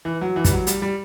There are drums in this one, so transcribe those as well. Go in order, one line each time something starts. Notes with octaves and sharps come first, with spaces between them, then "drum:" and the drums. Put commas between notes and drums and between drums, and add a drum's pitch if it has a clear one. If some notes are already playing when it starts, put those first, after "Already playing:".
E3
F#3
E3
G3, drum: kick, hi-hat
F#3
G3, drum: hi-hat
G3